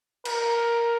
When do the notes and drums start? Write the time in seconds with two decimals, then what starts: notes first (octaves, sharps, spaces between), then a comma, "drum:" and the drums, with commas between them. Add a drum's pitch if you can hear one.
0.25 A#4, drum: cymbal